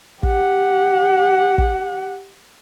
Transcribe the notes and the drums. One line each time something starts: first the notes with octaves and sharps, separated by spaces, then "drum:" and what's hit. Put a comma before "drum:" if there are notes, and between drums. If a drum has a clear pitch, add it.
G4 F#5, drum: kick
drum: kick